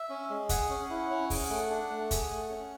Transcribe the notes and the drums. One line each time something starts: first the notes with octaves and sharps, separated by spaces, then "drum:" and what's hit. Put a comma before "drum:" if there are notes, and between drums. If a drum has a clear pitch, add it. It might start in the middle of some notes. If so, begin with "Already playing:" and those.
Already playing: E5
C#4
G#3
G#4 F#5, drum: kick, hi-hat
C#4
E4
C#4
G#4, drum: kick, open hi-hat
A3
D4
A3
G#4, drum: kick, hi-hat
A3
C#4